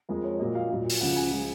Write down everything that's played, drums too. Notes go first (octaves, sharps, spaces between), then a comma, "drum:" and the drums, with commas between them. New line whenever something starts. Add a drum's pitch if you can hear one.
F2 F3 G#3 A#4
C#5
A#2 F#3 A#3 D#5
F5
A#2 F#3 A#3
drum: open hi-hat
C#2 C#3 F3 F#5
G#5
F3 G#3